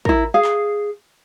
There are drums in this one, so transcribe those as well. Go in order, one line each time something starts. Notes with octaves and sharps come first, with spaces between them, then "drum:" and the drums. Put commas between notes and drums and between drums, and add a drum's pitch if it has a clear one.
E4 A#4, drum: kick
G#4 F5
drum: clap